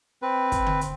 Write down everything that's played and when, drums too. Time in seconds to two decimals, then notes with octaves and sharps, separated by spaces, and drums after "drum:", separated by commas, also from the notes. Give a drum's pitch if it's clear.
0.22 C4 B4
0.52 drum: kick, hi-hat
0.66 drum: tom D3
0.81 drum: hi-hat